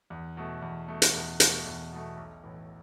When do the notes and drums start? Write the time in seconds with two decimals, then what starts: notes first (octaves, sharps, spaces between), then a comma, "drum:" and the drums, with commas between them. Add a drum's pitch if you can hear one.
0.10 E2
0.37 B2 A3
0.62 E2
0.88 B2 A3
1.02 drum: hi-hat
1.14 E2
1.40 B2 A3, drum: hi-hat
1.66 E2
1.92 B2 A3
2.17 B1
2.43 A2 E3